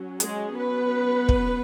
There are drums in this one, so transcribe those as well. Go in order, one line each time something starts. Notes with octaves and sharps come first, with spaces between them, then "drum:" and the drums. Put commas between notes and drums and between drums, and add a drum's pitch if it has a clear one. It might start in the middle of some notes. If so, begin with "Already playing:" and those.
Already playing: F#3 C#4
G#3 G#4, drum: hi-hat
B3 B4
drum: kick